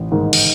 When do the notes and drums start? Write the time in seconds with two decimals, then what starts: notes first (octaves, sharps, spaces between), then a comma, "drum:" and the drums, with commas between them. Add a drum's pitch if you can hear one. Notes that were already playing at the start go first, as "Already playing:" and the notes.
Already playing: A1
0.12 G#2 D#3
0.33 drum: cymbal